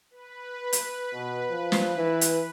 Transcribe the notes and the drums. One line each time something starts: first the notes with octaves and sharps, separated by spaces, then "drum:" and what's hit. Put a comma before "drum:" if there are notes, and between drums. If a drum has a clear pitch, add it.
B4
drum: hi-hat
B2
F3
drum: snare
E3
drum: hi-hat